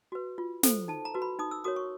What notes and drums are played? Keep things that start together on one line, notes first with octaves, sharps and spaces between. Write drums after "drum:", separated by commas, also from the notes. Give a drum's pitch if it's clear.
F#4 B4
F4
A4 C5, drum: snare
D#4 A5
A#5
F#4 B4
B5
D#4 D#6
E6
F#4 A#4 C#5 D#6
C#6